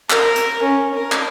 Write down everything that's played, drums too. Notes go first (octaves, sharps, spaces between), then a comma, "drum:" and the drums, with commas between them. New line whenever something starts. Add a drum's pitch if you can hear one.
A#4, drum: clap
drum: hi-hat
C#4
A#4
drum: clap